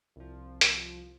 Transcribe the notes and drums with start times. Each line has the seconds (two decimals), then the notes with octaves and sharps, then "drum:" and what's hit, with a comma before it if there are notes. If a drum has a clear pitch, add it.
0.16 C2 F3
0.61 drum: hi-hat